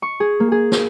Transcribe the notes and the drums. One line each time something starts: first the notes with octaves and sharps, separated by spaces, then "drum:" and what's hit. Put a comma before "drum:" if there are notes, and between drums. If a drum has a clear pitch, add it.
C#6
G#4
A#3
G#4
drum: snare